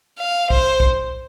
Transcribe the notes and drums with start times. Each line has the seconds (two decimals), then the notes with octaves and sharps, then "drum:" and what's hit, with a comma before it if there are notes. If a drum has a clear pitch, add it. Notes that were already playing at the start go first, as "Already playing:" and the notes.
0.19 F5
0.50 C5, drum: kick B1
0.80 drum: kick B1